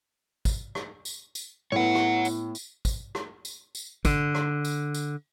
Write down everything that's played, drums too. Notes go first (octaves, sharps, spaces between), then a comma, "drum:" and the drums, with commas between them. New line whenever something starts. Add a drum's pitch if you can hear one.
drum: kick G#1, tambourine
drum: rim click
drum: tambourine
drum: tambourine
A2 B3 C#5 F#5
drum: rim click
drum: tambourine
drum: tambourine
drum: kick G#1, tambourine
drum: rim click
drum: tambourine
drum: tambourine
D3, drum: kick G#1, tambourine
drum: rim click
drum: tambourine
drum: tambourine